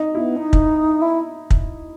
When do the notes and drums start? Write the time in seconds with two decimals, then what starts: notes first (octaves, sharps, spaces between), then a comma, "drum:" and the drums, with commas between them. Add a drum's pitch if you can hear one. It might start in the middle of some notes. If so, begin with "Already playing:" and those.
Already playing: D#4
0.14 B3 E4
0.37 D#4
0.53 drum: kick
1.02 E4
1.50 drum: kick